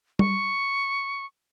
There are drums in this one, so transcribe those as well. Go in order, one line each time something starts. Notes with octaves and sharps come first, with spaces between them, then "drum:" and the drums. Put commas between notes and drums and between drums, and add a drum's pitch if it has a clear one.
C#6, drum: tom G3